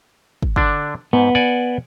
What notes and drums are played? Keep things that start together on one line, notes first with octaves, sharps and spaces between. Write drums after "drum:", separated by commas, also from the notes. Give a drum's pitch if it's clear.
drum: kick
D3 D4, drum: kick
G#2 B3
D5 F#5 G#5